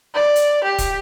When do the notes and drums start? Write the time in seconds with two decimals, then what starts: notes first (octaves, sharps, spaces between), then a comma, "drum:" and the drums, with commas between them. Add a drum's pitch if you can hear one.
0.14 D5
0.36 drum: hi-hat
0.64 G4
0.79 drum: kick, hi-hat